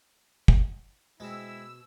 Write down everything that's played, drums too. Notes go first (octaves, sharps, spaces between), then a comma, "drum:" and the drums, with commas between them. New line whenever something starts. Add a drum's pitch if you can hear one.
drum: kick
B2 G#3 C4 E4 E6